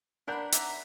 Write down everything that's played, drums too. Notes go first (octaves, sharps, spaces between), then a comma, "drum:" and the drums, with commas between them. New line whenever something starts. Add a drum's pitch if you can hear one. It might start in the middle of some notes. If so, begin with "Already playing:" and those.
D4 A#4 F#5 B5 F#6 G6
D#4 E5 A#5 D6, drum: hi-hat